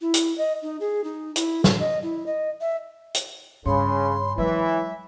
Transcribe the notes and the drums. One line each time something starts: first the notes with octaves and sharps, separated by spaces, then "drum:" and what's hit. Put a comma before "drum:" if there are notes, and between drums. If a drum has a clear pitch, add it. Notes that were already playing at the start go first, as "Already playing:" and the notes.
E4
drum: hi-hat
D#5
D#4
G#4
D#4
E4, drum: hi-hat
A4, drum: snare
D#5
E4
D#5
E5
drum: hi-hat
G2 C#3 C#5 B5 C6
E3 F#3 G#3 E5